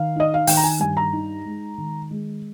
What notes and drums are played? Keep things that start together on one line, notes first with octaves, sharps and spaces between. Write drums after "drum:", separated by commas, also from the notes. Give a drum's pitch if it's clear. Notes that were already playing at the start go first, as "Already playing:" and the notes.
Already playing: D#3 F5
D#4 D#5
F5
D#3 G5, drum: open hi-hat
A#5
G#5
G2 G#5
A#5
D#4
G#3
D#3
G#3